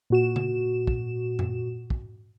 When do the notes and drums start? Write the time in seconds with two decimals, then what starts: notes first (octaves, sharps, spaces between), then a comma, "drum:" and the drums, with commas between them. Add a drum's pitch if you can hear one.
0.10 A#2 F#4 E7
0.36 drum: tom C#3
0.87 drum: kick
1.39 drum: tom F#2
1.90 drum: kick